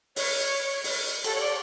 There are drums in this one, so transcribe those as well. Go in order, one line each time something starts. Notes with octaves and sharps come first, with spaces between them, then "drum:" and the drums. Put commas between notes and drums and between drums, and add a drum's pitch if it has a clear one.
C#5, drum: open hi-hat
drum: open hi-hat
A4, drum: cymbal
C#5
D5